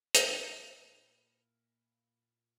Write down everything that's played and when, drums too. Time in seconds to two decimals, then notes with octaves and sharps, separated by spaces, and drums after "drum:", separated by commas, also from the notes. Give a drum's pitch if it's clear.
0.15 A#2 A#3 E4, drum: hi-hat